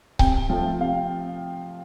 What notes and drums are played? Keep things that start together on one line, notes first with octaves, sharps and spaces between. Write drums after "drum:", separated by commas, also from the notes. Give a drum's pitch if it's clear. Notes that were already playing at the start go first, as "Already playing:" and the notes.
C3 G5, drum: kick C#1
F3 A3
C3 F5